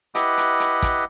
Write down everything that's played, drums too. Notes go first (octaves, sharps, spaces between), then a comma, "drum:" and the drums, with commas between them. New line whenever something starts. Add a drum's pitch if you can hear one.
E4 G4 B4 D#5 F#5, drum: hi-hat
drum: hi-hat
drum: hi-hat
drum: kick, hi-hat